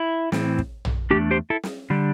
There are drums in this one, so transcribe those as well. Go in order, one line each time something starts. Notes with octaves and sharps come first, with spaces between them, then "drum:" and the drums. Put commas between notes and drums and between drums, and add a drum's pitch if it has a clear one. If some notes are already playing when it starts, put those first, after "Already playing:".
Already playing: E4
A2 E3 C4, drum: snare
drum: kick
drum: tom
E2 E3 A3 D4 G4
G4 C5
E4 A4
drum: snare
D3 G3 D4